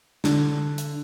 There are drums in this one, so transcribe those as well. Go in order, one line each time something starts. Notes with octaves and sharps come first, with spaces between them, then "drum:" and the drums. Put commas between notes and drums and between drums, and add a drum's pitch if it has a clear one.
D3, drum: snare
drum: hi-hat